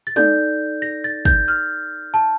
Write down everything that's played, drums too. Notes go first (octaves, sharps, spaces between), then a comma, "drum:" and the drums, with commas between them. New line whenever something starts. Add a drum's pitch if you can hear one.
A6
D#4 A4 D5 G6, drum: tom G#3
A#6
A6
G6, drum: kick
F6
A5